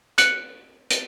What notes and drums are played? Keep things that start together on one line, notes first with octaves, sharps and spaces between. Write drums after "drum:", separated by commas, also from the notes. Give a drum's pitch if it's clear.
F#6 C#7 F#7, drum: hi-hat
drum: hi-hat